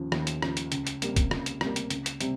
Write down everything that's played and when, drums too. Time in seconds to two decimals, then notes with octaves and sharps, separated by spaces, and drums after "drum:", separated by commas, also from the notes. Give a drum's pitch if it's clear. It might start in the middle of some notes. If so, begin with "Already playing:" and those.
Already playing: D#2 C#3 F3
0.12 D#2, drum: rim click
0.27 drum: hi-hat
0.42 C#3 F3, drum: rim click
0.57 drum: hi-hat
0.72 C#2, drum: hi-hat
0.87 drum: hi-hat
1.02 C3 G3 A#3, drum: hi-hat
1.16 drum: kick, hi-hat
1.31 C#2, drum: rim click
1.46 drum: hi-hat
1.61 C3 G3 A#3, drum: rim click
1.76 drum: hi-hat
1.90 C#2, drum: hi-hat
2.06 drum: hi-hat
2.21 C3 G3, drum: hi-hat